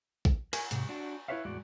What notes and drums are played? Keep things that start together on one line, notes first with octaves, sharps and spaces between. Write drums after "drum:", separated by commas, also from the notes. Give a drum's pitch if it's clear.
drum: kick
A#4 G#5, drum: cymbal
G#2 C3, drum: hi-hat
D4 F#4
E4 F#4 B4 C#5 E5 F5
E2 A2 G#3 F#4 D5